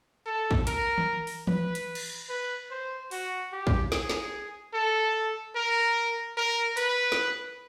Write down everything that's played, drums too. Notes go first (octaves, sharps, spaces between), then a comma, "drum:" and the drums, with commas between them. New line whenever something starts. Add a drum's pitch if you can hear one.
A4
drum: kick
A#4, drum: hi-hat
drum: tom D#3
drum: open hi-hat
B4, drum: tom E3
drum: hi-hat
drum: cymbal
B4
C5
F#4, drum: open hi-hat
G4
drum: kick
G#4, drum: snare
drum: snare
A4
A#4
A#4
B4, drum: hi-hat
drum: snare